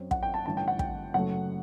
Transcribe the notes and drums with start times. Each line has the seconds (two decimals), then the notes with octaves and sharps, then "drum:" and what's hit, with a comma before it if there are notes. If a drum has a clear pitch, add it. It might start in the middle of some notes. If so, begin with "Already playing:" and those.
Already playing: F#2 F#3 C4
0.11 F#5, drum: kick
0.23 G5
0.34 A5
0.45 A1 G2 D3 A5
0.57 G5
0.68 F#5
0.79 G5, drum: kick
1.14 F#1 F#2 F#3 A3 F#5